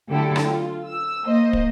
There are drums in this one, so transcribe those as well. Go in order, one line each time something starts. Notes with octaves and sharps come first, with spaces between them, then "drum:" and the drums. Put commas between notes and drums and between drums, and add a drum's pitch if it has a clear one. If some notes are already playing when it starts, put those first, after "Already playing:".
D3 F#3 A3 E4 G4 A4
drum: rim click
F4
E6
A#3 C5 D#5
drum: kick